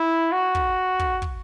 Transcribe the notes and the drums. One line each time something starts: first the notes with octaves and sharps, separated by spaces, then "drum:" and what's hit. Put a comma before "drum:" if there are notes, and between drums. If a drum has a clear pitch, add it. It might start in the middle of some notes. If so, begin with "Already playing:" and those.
Already playing: E4
F#4
drum: kick
drum: kick
drum: kick